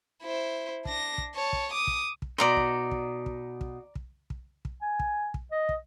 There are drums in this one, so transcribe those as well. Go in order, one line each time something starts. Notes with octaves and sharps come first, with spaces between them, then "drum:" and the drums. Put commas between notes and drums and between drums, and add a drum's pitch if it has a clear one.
E4 C5
D4 A#6, drum: kick
drum: kick
C#5 A5
drum: kick
D6 D#6
drum: kick
drum: kick
B2 D#4 D5 A#5 C6
drum: kick
drum: kick
drum: kick
drum: kick
drum: kick
drum: kick
drum: kick
G#5
drum: kick
drum: kick
D#5
drum: kick